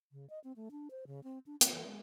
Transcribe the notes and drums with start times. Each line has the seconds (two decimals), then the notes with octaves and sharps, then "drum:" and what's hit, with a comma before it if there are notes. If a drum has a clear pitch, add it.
0.12 C#3
0.30 D#5
0.44 C4
0.56 A3
0.71 D4
0.91 C5
1.07 C#3
1.24 C4
1.46 D4
1.61 C4, drum: hi-hat
1.73 E3
1.86 G#3